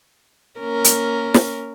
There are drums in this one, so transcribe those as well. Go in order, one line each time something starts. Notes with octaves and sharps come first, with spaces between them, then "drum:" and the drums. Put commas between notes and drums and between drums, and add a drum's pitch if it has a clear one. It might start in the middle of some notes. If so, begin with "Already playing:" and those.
A#3 C#4 A#4
drum: hi-hat
drum: snare